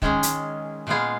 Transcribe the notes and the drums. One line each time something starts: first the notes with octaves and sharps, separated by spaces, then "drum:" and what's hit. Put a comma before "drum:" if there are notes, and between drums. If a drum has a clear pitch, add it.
D#3 G#3 C#4 G#4, drum: kick
drum: hi-hat
A#2 G#3 B3 F4 G#4